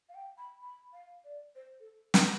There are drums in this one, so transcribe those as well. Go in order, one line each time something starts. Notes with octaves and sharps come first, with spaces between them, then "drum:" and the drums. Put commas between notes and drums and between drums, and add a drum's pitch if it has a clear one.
F5
G5
B5
B5
F5
D5
C5
A4
drum: snare